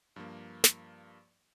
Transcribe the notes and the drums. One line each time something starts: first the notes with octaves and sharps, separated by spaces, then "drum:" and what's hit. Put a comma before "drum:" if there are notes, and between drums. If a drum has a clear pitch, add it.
G2 F3 A#3
drum: snare